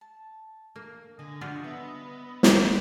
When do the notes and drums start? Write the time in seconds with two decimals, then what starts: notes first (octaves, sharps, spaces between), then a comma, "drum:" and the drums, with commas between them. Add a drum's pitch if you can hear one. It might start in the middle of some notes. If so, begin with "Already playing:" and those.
0.01 A5
0.76 A#3
1.19 D3 D#5 G#5
1.41 G3 D4 F4 F#4
1.64 B3 E5
2.43 drum: snare